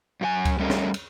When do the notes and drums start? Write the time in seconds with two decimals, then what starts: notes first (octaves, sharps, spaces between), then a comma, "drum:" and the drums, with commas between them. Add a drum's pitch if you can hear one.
0.21 F#2 F4 G#5
0.45 drum: kick C#2, cymbal
0.59 G3 A3 C#4 A#4 D#5
0.70 drum: snare
0.94 drum: cymbal